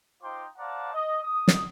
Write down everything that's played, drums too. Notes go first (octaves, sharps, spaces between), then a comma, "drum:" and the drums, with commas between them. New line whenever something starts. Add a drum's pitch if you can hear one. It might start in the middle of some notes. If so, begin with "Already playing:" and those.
D#4 F4 C5 G5 C6 D6
C5 D5 F5 F#5 A5 A#5
D#5
D#6
drum: snare